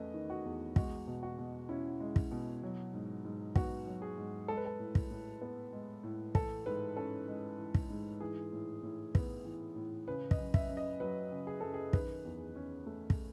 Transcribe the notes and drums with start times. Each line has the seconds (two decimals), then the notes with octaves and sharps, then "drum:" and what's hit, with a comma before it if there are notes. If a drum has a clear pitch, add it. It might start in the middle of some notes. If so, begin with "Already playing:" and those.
Already playing: E2 A3 C#4 B4 D#5
0.14 D#3
0.30 F#4
0.45 E2
0.76 G#3 F#4, drum: kick
1.07 B2
1.23 F#4
1.38 B2
1.69 C#4 E4
2.00 G#3
2.16 drum: kick
2.31 B2
2.63 F#3
2.94 G#2
3.25 G#2
3.56 B3 F#4, drum: kick
3.87 F#3
4.02 G#4
4.18 G#2
4.48 G#3 A4
4.57 B4
4.65 A4
4.79 A2
4.95 drum: kick
5.11 A2
5.42 B3
5.73 G#3
6.04 A2
6.35 E3 A4, drum: kick
6.66 G#2 B4
6.97 C#4 A4
7.28 G#3
7.59 E3
7.74 drum: kick
7.90 G#2
8.20 E3 G#4
8.52 A2
8.83 A2
9.15 B3, drum: kick
9.45 E3
9.76 A2
10.08 C#3 B4
10.31 D#5, drum: kick
10.38 F#2
10.54 E5, drum: kick
10.69 F#2
10.77 D#5
11.00 F#3 B4
11.32 C#3
11.47 G#4
11.61 F#2 A4
11.74 G#4
11.93 D#3 B4, drum: kick
12.25 E2
12.56 C#4
12.86 A3
13.10 drum: kick